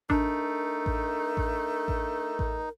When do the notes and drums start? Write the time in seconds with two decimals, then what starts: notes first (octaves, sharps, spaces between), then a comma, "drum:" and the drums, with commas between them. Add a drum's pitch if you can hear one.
0.10 A3 D4 D#4 A#4, drum: kick A1
0.86 drum: kick A1
1.37 drum: kick A1
1.88 drum: kick A1
2.39 drum: kick A1